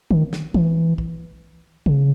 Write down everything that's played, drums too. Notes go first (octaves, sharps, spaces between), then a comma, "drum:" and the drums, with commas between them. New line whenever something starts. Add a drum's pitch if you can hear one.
D#3, drum: kick
drum: snare
E3, drum: kick
drum: kick
C#3, drum: kick